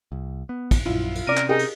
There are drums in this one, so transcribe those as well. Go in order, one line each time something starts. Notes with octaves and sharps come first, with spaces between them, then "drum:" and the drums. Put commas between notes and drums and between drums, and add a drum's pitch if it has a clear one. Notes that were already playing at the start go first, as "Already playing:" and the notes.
C2
B3
drum: kick, cymbal
A#1 F#2 E4 F4
drum: cymbal
C3 C#4 A#4 D5 D#7
drum: clap
D#4 G4 G#4 A#4 D#5
drum: cymbal